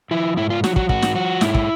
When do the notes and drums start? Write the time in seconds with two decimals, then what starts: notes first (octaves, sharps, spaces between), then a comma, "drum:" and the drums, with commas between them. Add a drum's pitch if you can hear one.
0.11 F3 E4
0.37 G#2 E4
0.50 F4
0.64 F3 F#4, drum: snare
0.76 F#4, drum: kick
0.89 G#2 F#4, drum: kick
1.02 drum: snare
1.15 F3 F#4
1.41 G#2 E4, drum: snare
1.54 drum: kick